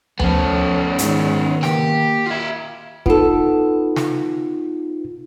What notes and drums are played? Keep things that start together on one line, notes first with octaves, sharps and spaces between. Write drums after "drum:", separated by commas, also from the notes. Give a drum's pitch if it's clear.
F3 A3 B3 C#4, drum: tom D2
G#2 D#3, drum: hi-hat
A#3 G4, drum: snare
F4 E5
B3 D#4 F4 A4, drum: kick
drum: snare